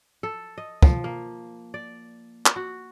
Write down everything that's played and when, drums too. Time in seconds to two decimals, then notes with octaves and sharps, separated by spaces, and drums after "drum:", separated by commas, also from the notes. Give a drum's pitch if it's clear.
0.23 A4
0.58 D#5
0.82 F3, drum: kick
1.04 A#3
1.74 D5
2.46 drum: clap
2.56 F#4